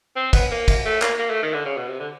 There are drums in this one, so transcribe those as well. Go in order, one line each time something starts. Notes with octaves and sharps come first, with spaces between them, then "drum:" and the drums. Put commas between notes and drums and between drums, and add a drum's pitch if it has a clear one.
C4
B3, drum: kick, cymbal
A#3
drum: kick, cymbal
A3
A#3, drum: clap
A#3
A3
D#3
D3
C#3
B2
C3
D3